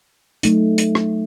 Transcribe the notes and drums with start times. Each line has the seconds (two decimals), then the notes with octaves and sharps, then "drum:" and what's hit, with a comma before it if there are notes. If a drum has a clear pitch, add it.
0.43 F#3 A3 D#4, drum: hi-hat
0.78 drum: hi-hat
0.95 drum: rim click